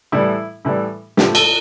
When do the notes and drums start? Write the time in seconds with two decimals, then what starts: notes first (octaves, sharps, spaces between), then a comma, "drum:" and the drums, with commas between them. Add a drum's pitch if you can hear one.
0.12 A2 E3 G3 E4
0.65 A2 E3 G3
1.17 A2 F3 G4, drum: snare
1.35 A4, drum: cymbal